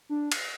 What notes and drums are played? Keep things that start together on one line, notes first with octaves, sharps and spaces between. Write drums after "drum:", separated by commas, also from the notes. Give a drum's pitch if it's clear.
D4
drum: cymbal